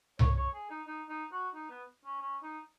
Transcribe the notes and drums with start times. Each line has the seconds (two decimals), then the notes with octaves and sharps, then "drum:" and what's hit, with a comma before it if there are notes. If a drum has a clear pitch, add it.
0.19 C#5, drum: tom C2
0.36 C#5
0.54 G#4
0.70 D#4
0.87 D#4
1.09 D#4
1.32 F#4
1.54 D#4
1.70 B3
2.05 C#4
2.21 C#4
2.43 D#4